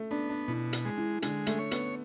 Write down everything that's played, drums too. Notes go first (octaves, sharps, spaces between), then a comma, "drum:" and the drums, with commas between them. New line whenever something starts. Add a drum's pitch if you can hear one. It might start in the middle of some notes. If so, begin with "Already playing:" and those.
Already playing: A3
B3 D4
D4
B2 E3
drum: hi-hat
G#3
E3
D3 G#3, drum: hi-hat
A3, drum: hi-hat
C#5
B3, drum: hi-hat